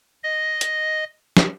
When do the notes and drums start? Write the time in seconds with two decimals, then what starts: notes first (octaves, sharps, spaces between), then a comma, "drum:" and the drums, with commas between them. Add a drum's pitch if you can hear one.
0.23 D#5
0.61 drum: hi-hat
1.37 drum: snare